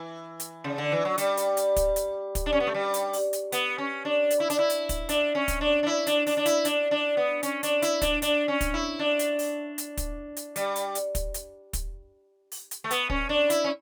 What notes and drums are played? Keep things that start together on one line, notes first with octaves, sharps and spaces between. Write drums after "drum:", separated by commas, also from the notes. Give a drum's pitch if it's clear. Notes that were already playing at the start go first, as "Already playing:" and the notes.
Already playing: E3
drum: hi-hat
C#3
D3
E3
F#3
G3, drum: hi-hat
drum: hi-hat
drum: hi-hat
drum: kick, hi-hat
drum: hi-hat
drum: kick, hi-hat
D4
C#4
B3
A3
G3
drum: hi-hat
drum: open hi-hat
drum: hi-hat
B3, drum: hi-hat
C#4
D4
drum: hi-hat
E4
D4, drum: hi-hat
E4
drum: hi-hat
drum: kick, hi-hat
D4, drum: hi-hat
C#4
drum: kick, hi-hat
D4
D4
E4
D4, drum: hi-hat
D4, drum: open hi-hat
D4
E4, drum: hi-hat
D4, drum: hi-hat
D4
B3
C#4, drum: hi-hat
D4, drum: hi-hat
E4, drum: hi-hat
D4, drum: kick, hi-hat
D4, drum: hi-hat
C#4
drum: kick, hi-hat
E4
D4
drum: hi-hat
drum: open hi-hat
drum: hi-hat
drum: kick, hi-hat
drum: hi-hat
G3, drum: hi-hat
drum: hi-hat
drum: hi-hat
drum: kick, hi-hat
drum: hi-hat
drum: kick, hi-hat
drum: open hi-hat
drum: hi-hat
A3
B3, drum: hi-hat
C#4, drum: kick
D4
E4, drum: hi-hat
C#4